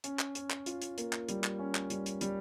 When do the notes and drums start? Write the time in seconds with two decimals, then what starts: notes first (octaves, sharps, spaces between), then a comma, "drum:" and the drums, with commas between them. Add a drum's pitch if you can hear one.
0.04 C#4, drum: hi-hat
0.19 drum: clap
0.35 C#4, drum: hi-hat
0.50 drum: clap
0.66 F4, drum: hi-hat
0.82 drum: hi-hat
0.98 A#3, drum: hi-hat
1.13 drum: clap
1.29 G3, drum: hi-hat
1.44 drum: clap
1.59 C#4
1.75 drum: clap
1.90 G3, drum: hi-hat
2.06 drum: hi-hat
2.21 G3, drum: hi-hat